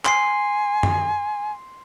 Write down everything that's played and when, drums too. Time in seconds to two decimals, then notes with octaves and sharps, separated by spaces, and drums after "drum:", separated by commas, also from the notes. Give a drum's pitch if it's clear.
0.05 G#5 C6 C7, drum: clap
0.83 drum: tom F#2